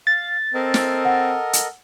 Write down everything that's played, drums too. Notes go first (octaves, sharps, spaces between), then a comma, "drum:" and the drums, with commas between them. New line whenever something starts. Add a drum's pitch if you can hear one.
F5 A6
C4 A4 A#4 D#5
drum: snare
F#5
drum: hi-hat